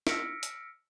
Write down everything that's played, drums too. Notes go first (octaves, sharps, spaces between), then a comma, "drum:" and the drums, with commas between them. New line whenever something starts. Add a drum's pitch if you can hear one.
E6 F6 A#6 B6 C#7 D7, drum: snare D4
drum: hi-hat